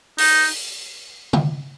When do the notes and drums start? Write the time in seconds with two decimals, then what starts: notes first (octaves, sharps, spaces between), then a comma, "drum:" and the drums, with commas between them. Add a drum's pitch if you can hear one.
0.18 D#4, drum: open hi-hat
1.33 drum: tom